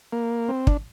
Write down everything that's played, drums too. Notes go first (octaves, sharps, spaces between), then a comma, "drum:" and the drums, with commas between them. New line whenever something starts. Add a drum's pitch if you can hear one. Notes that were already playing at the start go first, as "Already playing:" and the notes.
A#3
C4
D4, drum: kick